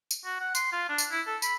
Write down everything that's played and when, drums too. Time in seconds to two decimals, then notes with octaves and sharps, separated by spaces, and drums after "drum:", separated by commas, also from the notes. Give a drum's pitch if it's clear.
0.11 drum: tambourine
0.25 F#4
0.40 F#5
0.55 C6, drum: tambourine
0.72 F4
0.89 D4
0.98 drum: tambourine
1.11 E4
1.27 A4
1.42 B5, drum: tambourine